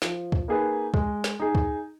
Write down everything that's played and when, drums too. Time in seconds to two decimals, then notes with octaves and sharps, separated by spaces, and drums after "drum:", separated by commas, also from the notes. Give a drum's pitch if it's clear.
0.02 F3, drum: snare
0.32 drum: kick
0.48 A#3 D#4 G#4 B4
0.94 G#3, drum: kick
1.24 drum: snare
1.40 D#4 G#4
1.55 drum: kick